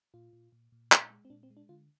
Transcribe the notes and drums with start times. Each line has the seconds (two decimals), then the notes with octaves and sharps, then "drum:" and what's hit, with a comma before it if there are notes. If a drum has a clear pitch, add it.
0.14 A#2 F4
0.33 A#2
0.52 A#2
0.72 A#2
0.92 G#3, drum: clap
1.10 G#3
1.25 C4
1.30 A#2 D4
1.43 C4
1.50 G#3
1.57 D4
1.69 D3 F4